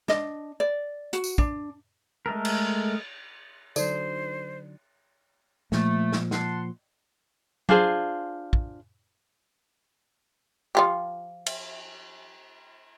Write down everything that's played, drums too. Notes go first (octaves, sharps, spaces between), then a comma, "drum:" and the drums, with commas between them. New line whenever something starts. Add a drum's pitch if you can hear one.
D4 D#5, drum: snare
D5
F#4, drum: hi-hat
drum: tambourine
D4, drum: kick
G#3 A3 A4 A#4
drum: cymbal
D3 F#3 D#4 A4 C5 D5, drum: tambourine
A#2 F3 A3, drum: snare
drum: snare
F#5 A5 C6, drum: snare
D4 F4 G#4 C5, drum: tom F#3
drum: kick
F3 F4 G4
drum: cymbal